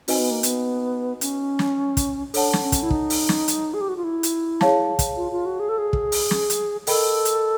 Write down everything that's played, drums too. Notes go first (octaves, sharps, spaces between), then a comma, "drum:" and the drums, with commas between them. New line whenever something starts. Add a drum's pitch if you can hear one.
C4 D#4 F#4 B4 D#5 G#5, drum: open hi-hat
B3
A#3
B3, drum: hi-hat
C#4, drum: hi-hat
drum: snare
drum: kick, hi-hat
D4 A4 C#5 F#5 A5, drum: open hi-hat
drum: snare
C#4
drum: kick, hi-hat
E4
D#4, drum: kick
drum: open hi-hat
drum: snare
drum: hi-hat
G#4
G4
F#4
F4
E4
drum: hi-hat
G#4 C#5 F5 A5, drum: snare
drum: kick, hi-hat
F4
F4
F#4
G#4
A4
G#4
drum: kick
drum: open hi-hat
drum: snare
drum: hi-hat
A4 A#4 D#5 G5 B5, drum: open hi-hat
drum: hi-hat